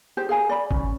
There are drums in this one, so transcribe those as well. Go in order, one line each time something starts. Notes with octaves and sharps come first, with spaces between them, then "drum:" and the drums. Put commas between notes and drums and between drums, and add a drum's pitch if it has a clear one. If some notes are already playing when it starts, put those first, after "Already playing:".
G4 G#4 C5
G#4 F5 G#5 A#5
D5 B5
C#4, drum: kick G1